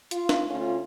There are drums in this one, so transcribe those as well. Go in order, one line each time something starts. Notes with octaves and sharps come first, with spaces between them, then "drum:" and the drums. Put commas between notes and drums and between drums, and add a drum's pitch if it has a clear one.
F4, drum: hi-hat
drum: snare D4
D2 A3 C#4 F4